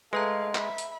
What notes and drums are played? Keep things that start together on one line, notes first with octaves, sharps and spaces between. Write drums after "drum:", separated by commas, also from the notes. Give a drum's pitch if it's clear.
G#3 A3 B4 D#5 F5 A#5
E5 B5, drum: clap
drum: hi-hat